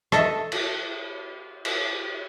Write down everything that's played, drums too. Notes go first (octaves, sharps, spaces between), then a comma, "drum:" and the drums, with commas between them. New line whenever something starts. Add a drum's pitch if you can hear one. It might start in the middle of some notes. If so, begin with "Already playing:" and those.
A4 D#5 E5, drum: rim click
drum: cymbal
drum: cymbal